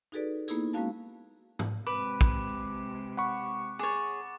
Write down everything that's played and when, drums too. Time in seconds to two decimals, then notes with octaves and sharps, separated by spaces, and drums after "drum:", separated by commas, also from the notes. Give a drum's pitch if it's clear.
0.12 D#4 F#4 G#4 A4 B4 D5
0.48 A#3 B3 D#4 E4 G#4, drum: tambourine
0.73 G#3 A#3 C#4 F#4 F5 A5
1.59 drum: tom G#2
1.87 C3 G#3 B4 D6 D7
2.21 drum: kick
3.17 F#5 B5 C#6
3.79 G#4 C#5 D6 A6